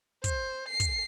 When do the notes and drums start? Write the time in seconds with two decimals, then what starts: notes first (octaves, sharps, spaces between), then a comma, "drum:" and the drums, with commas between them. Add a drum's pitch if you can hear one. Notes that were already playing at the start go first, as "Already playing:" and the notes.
0.24 C5, drum: kick, hi-hat
0.68 C7
0.80 drum: kick, hi-hat